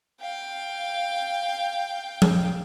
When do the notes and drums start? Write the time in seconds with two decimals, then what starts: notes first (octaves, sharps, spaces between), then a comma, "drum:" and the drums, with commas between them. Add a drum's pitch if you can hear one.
0.21 F5 G5
2.22 drum: tom F3